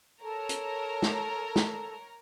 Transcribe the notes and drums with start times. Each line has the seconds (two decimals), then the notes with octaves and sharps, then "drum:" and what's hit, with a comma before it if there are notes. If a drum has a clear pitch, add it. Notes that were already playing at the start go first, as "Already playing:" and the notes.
0.22 A4 A#4 C#5 A5 A#5
0.49 drum: hi-hat
1.02 drum: snare
1.56 drum: snare